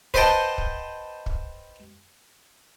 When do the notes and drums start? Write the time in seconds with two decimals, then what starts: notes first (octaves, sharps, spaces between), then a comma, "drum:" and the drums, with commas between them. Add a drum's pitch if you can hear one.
0.14 B4 C5 D#5 F#5 G5 A5, drum: kick
0.58 drum: kick
1.26 drum: kick